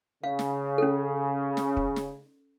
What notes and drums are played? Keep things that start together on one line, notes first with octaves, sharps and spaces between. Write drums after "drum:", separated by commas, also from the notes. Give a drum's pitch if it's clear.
C#3 F5
drum: snare
C#4 A4
drum: snare
drum: kick
drum: snare